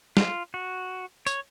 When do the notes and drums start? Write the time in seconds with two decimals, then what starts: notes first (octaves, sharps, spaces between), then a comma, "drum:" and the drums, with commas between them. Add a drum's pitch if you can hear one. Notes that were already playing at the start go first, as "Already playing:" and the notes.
0.17 F4, drum: snare
0.54 F#4
1.27 C#5, drum: tambourine